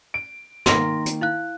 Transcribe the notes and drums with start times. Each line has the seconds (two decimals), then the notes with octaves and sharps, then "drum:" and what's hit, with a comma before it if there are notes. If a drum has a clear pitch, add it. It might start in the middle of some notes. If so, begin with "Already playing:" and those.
0.14 D7
0.66 D#3 A#3 C6 A#6, drum: snare
1.06 drum: hi-hat
1.21 E4 F5 F#6